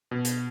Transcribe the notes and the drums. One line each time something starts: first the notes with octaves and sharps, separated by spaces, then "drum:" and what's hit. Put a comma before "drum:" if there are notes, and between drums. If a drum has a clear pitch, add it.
B2
drum: hi-hat